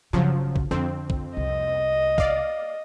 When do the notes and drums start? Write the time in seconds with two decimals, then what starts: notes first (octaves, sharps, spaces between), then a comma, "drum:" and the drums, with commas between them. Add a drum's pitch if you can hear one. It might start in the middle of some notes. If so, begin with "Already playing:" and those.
0.13 G1 C#3 F3 F#3
0.56 drum: kick B1
0.71 F2 D3 C4
1.10 drum: kick B1
1.37 C2 D#5
2.18 D5 F5, drum: kick B1